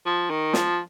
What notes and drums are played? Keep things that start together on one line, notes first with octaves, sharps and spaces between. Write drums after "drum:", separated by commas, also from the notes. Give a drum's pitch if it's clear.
F3
D#3
F3, drum: snare